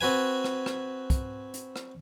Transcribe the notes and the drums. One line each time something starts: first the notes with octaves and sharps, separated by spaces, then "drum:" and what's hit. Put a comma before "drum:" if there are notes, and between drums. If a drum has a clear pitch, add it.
C4 F#4 B4 G#5
drum: rim click
drum: rim click
drum: kick, hi-hat
drum: hi-hat
drum: rim click